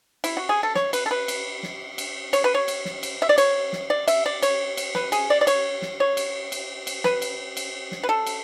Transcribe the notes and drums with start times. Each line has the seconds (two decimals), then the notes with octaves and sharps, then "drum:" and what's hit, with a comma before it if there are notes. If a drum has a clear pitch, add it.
0.24 E4, drum: cymbal
0.37 F#4
0.49 G#4
0.63 A4
0.75 C#5, drum: snare
0.93 B4, drum: cymbal
1.06 A4
1.11 B4
1.28 drum: cymbal
1.63 drum: snare
1.98 drum: cymbal
2.33 C#5, drum: cymbal
2.44 B4
2.54 C#5
2.68 drum: cymbal
2.85 drum: snare
3.03 drum: cymbal
3.22 E5
3.29 D5
3.38 C#5, drum: cymbal
3.73 drum: snare
3.90 D5
4.08 E5, drum: cymbal
4.26 D5
4.42 C#5, drum: cymbal
4.77 drum: cymbal
4.95 B4, drum: snare
5.12 G#4, drum: cymbal
5.30 D5
5.41 D5
5.47 C#5, drum: cymbal
5.82 drum: snare
6.00 C#5
6.17 drum: cymbal
6.52 drum: cymbal
6.87 drum: cymbal
7.04 B4, drum: snare
7.22 drum: cymbal
7.57 drum: cymbal
7.92 drum: snare
8.03 B4
8.09 A4
8.26 drum: cymbal